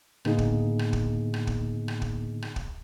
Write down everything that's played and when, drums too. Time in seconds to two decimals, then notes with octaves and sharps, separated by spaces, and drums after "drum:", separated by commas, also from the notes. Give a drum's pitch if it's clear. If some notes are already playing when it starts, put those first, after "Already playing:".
0.25 A2 D3 A#3 B3 D#4 G#4, drum: rim click
0.38 drum: kick
0.79 drum: rim click
0.93 drum: kick
1.34 drum: rim click
1.47 drum: kick
1.88 drum: rim click
2.02 drum: kick
2.42 drum: rim click
2.56 drum: kick